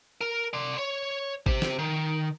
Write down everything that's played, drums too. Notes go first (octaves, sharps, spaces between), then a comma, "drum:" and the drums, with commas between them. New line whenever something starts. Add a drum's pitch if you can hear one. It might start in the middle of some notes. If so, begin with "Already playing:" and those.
A#4
D5 C6
C#5
G4 C5, drum: kick G#1
drum: snare
D#3